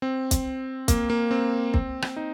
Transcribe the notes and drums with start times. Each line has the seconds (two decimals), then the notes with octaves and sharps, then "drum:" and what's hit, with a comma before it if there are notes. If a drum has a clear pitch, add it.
0.02 C4
0.31 drum: kick, hi-hat
0.88 A#3, drum: kick, hi-hat
1.10 A#3
1.31 C4
1.74 C4, drum: kick
2.02 drum: rim click
2.16 D#4